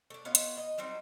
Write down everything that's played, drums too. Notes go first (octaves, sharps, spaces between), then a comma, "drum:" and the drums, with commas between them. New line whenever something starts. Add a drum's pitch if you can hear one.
A3 D4
B3 F4 C#5 D#5
drum: hi-hat
D#5
F#3 G3 C4 D#4